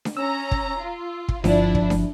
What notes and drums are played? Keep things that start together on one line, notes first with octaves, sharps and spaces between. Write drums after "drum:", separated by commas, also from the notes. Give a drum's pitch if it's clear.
drum: snare D4
C#4 A#5 E6
drum: kick
F4
drum: kick
G1 F3 D4 E4, drum: snare D4
drum: kick
drum: snare D4